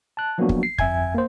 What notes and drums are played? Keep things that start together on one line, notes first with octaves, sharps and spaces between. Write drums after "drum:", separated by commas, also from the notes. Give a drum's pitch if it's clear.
A5 F#6
F3 F#3 A#3 B3 D4 F#4
drum: kick
C7
G1 F2 E5 G#5 G#6, drum: kick
A#3 C5